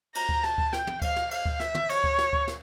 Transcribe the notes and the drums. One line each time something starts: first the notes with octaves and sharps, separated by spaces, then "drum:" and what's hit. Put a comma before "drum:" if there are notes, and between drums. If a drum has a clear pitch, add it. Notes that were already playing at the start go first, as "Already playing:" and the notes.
A#5, drum: cymbal
drum: kick D2
A5, drum: snare
drum: kick D2
G5, drum: snare
drum: tom
F5, drum: kick D2, cymbal
drum: snare
F5, drum: cymbal
drum: kick D2
E5, drum: snare
drum: tom
C#5, drum: cymbal
drum: kick D2
drum: snare
drum: kick D2
drum: snare